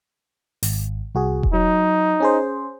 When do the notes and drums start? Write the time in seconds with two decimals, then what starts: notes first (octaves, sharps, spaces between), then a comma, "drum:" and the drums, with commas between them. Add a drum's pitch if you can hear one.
0.63 G#1, drum: open hi-hat
1.15 C2 F#4 G#4
1.43 drum: kick E1
1.53 F#3 D#4
2.20 C#4 G#4 C5